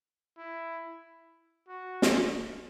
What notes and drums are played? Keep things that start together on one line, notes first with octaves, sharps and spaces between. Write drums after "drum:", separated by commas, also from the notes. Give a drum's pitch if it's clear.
E4
F#4
drum: snare